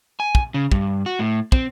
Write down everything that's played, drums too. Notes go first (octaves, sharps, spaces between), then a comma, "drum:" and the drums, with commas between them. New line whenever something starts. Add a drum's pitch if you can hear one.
G#5
drum: kick
C#3
G2, drum: kick
F#4
A2
C4, drum: kick